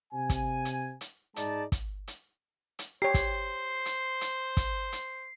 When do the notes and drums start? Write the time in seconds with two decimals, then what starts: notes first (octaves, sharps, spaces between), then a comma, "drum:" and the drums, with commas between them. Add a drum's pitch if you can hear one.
0.13 C3 G#5
0.30 drum: kick, hi-hat
0.65 drum: hi-hat
1.01 drum: hi-hat
1.36 G#2 G#3 D#4 D5 A5, drum: hi-hat
1.72 drum: kick, hi-hat
2.08 drum: hi-hat
2.79 drum: hi-hat
3.02 G4 C5 C#5 C7
3.14 drum: kick, hi-hat
3.86 drum: hi-hat
4.21 drum: hi-hat
4.57 drum: kick, hi-hat
4.92 drum: hi-hat